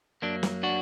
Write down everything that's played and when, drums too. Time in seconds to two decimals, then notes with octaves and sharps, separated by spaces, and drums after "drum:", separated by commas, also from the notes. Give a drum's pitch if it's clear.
0.22 F#2 F#3 A#3 D4
0.43 drum: snare
0.63 D4 F#4